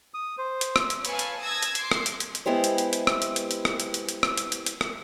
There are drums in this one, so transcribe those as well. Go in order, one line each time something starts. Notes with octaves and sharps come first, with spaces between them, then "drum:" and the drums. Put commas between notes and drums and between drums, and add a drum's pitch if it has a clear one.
D#6
C5
drum: hi-hat
drum: rim click
drum: hi-hat
B4 C#5 F5 G#5 A5, drum: hi-hat
drum: hi-hat
A5 D#6 E6 G#6 A#6
drum: hi-hat
C6 D6 C7, drum: hi-hat
drum: rim click
drum: hi-hat
drum: hi-hat
drum: hi-hat
G#3 B3 E4 G4 C5
drum: hi-hat
drum: hi-hat
drum: hi-hat
drum: rim click
drum: hi-hat
drum: hi-hat
drum: hi-hat
drum: rim click
drum: hi-hat
drum: hi-hat
drum: hi-hat
drum: rim click
drum: hi-hat
drum: hi-hat
drum: hi-hat
drum: rim click